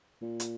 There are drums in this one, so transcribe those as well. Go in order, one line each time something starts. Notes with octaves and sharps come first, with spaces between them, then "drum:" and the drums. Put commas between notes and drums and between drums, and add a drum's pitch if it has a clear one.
A#2
drum: hi-hat